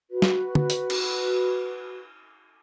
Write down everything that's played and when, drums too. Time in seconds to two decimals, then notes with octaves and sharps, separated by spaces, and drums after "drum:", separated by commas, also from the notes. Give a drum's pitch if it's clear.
0.10 F#4 B4
0.22 drum: snare
0.55 drum: tom
0.70 drum: hi-hat
0.90 drum: cymbal